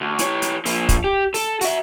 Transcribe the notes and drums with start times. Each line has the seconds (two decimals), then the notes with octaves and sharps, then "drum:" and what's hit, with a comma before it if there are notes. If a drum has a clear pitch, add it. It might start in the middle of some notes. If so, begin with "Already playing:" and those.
0.01 D2
0.19 E3 C#5, drum: hi-hat
0.42 drum: hi-hat
0.65 F3 A#3, drum: open hi-hat
0.89 drum: kick, hi-hat
1.04 G4
1.34 A4, drum: open hi-hat
1.61 F#4 E5, drum: open hi-hat